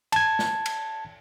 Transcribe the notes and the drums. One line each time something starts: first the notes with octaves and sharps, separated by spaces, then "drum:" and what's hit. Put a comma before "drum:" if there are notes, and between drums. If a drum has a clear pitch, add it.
A5 G#6, drum: cymbal
drum: snare
drum: cymbal